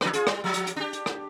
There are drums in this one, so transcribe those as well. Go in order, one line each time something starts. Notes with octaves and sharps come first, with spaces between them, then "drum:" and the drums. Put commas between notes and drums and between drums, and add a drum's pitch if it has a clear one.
F3 D4 B4, drum: rim click
F4 G#4, drum: hi-hat
G3, drum: rim click
F3 F#3
drum: hi-hat
drum: hi-hat
D4 G4
drum: hi-hat
drum: rim click